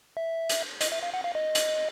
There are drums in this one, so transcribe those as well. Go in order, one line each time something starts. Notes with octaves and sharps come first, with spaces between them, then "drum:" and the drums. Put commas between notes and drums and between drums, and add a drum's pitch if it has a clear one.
E5
drum: hi-hat
D#5, drum: hi-hat
E5
F5
F#5
F5
D#5
drum: hi-hat